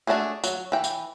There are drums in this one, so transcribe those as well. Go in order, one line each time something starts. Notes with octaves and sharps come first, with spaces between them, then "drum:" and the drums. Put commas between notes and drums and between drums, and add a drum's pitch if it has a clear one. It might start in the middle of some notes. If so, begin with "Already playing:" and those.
A3 D4 E4 F#4 G#4
F#3, drum: tambourine
E3 G5
drum: tambourine